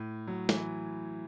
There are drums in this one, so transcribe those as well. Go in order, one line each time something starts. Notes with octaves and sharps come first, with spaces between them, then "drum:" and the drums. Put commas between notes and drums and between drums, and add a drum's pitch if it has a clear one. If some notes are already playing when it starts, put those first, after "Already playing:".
Already playing: A2
F#3
E3, drum: snare